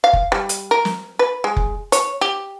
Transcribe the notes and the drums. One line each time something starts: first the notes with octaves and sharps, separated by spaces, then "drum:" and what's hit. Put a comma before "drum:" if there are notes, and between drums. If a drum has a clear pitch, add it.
F5
drum: kick F1
G3
drum: hi-hat
A#4
drum: snare
B4
G#3
drum: kick F1
C#5, drum: hi-hat
G4